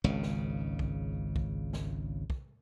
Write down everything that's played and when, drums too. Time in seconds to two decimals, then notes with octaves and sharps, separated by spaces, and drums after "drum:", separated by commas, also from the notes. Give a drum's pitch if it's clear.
0.04 G#1 C#2 C#3
0.23 drum: snare
0.79 drum: kick
1.36 drum: kick
1.73 drum: snare
2.30 drum: kick